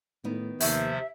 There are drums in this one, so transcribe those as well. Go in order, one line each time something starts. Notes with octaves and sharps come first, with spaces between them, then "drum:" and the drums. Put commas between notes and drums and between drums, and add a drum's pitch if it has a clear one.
A2 D#3 B3 D#4
D#2 C3 F3 C5 E5, drum: open hi-hat